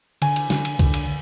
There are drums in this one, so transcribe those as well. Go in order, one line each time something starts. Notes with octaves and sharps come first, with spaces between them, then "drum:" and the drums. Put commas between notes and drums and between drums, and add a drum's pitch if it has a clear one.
D3 G#5, drum: cymbal
drum: cymbal
D3, drum: snare
drum: cymbal
D3, drum: kick, cymbal
drum: cymbal